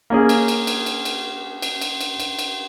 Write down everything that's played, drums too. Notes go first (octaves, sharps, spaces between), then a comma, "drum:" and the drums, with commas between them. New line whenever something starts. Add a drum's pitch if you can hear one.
A#3 C#4 G#4
drum: cymbal
drum: cymbal
drum: cymbal
drum: cymbal
drum: cymbal
drum: cymbal
drum: cymbal
drum: cymbal
drum: cymbal
drum: cymbal